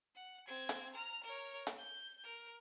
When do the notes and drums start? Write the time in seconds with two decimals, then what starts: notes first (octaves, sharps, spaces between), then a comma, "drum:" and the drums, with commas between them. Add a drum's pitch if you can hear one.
0.16 F#5
0.48 C4 G#6
0.69 drum: hi-hat
0.93 A#5 F6
1.24 A#4 C#5
1.67 drum: hi-hat
1.78 G6
2.24 A#4